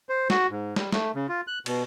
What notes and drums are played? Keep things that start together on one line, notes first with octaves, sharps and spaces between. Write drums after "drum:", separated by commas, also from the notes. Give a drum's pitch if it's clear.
C5
F#4, drum: snare
G#2
G3, drum: snare
A3, drum: snare
C#3
F4
F#6
B2, drum: cymbal